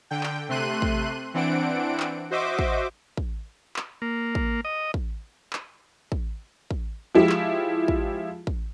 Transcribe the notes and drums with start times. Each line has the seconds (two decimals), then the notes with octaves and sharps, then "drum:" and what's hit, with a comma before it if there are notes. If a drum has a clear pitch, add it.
0.11 D3 G5
0.23 drum: clap
0.49 C3 A3 C6 F#6 D#7
0.82 drum: kick
1.34 E3 C4 D4 F#5 D7
2.00 drum: clap
2.31 F#4 C5 D#5 E5 D6
2.59 drum: kick
3.17 drum: kick
3.76 drum: clap
4.02 A#3
4.35 drum: kick
4.65 D#5
4.94 drum: kick
5.53 drum: clap
6.12 drum: kick
6.71 drum: kick
7.15 F3 G#3 E4 F4 G4
7.29 drum: clap
7.88 drum: kick
8.47 drum: kick